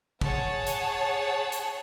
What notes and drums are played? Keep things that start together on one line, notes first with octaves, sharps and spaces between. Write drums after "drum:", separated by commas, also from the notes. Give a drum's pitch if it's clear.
G#4 C#5 F#5 A5, drum: kick
drum: hi-hat
drum: hi-hat